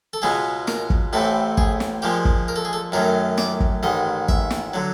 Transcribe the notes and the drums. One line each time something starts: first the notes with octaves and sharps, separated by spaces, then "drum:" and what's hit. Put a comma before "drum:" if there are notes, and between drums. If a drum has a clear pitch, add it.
A4
C#2 B2 G#3 B3 G#4
A#4, drum: snare
drum: kick
A1 A2 E3 A3 C4 A4
G#4, drum: kick
drum: snare
A#2 F3 G#3 G4
drum: kick
A#4
A4
G#4
A4
F#2 D#3 F#3 A3 A#4
D5, drum: snare
drum: kick
A1 G#2 D#3 D#5
E5, drum: kick
drum: snare
D3 F#3